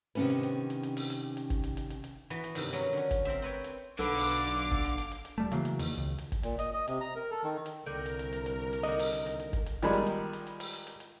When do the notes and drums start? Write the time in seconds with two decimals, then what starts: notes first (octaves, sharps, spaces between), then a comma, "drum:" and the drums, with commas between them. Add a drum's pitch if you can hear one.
0.15 C3 D#3 B3 C#4 D4 B4, drum: hi-hat
0.30 drum: hi-hat
0.43 drum: hi-hat
0.70 drum: hi-hat
0.83 drum: hi-hat
0.97 drum: open hi-hat
1.10 drum: hi-hat
1.37 drum: hi-hat
1.50 drum: kick G1, hi-hat
1.64 drum: hi-hat
1.77 drum: hi-hat
1.90 drum: hi-hat
2.04 drum: hi-hat
2.30 E3 B3 F#4 B4, drum: hi-hat
2.44 drum: hi-hat
2.55 G2 C3 D#3, drum: open hi-hat
2.73 F#3 C#4 B4 A#5, drum: hi-hat
2.93 D3 C#4
3.11 drum: kick G1, hi-hat
3.25 C4 A#4 C5 E5, drum: hi-hat
3.42 C4 B4 C#5 G5
3.64 drum: hi-hat
3.99 B1 D3 A4 B4 F5 B5 D6
4.18 drum: open hi-hat
4.31 drum: hi-hat
4.45 drum: hi-hat
4.58 drum: hi-hat
4.71 drum: kick G1, hi-hat
4.85 drum: hi-hat
4.98 drum: hi-hat
5.11 drum: hi-hat
5.25 drum: hi-hat
5.38 D#1 G3 A3
5.52 C#3 E3 F#3 A#3, drum: hi-hat
5.65 drum: hi-hat
5.79 E2 D#3, drum: open hi-hat
5.98 C#2
6.18 drum: hi-hat
6.32 drum: kick G1, hi-hat
6.43 A#2, drum: hi-hat
6.59 D#5, drum: hi-hat
6.74 D#5
6.88 C3, drum: hi-hat
7.01 A#5
7.16 A#4
7.31 A4
7.44 D#3
7.66 drum: hi-hat
7.86 C2 D3 A#4 G5
8.06 drum: hi-hat
8.19 drum: hi-hat
8.33 drum: hi-hat
8.46 drum: hi-hat
8.73 drum: hi-hat
8.83 D3 D#3 D#5, drum: hi-hat
8.99 drum: open hi-hat
9.13 drum: hi-hat
9.26 drum: hi-hat
9.40 drum: hi-hat
9.53 drum: kick G1, hi-hat
9.66 drum: hi-hat
9.82 D#3 F3 G3 G#3 D#4 B5, drum: hi-hat
9.93 drum: hi-hat
10.06 drum: hi-hat
10.33 drum: hi-hat
10.47 drum: hi-hat
10.60 drum: open hi-hat
10.73 drum: hi-hat
10.87 drum: hi-hat
11.00 drum: hi-hat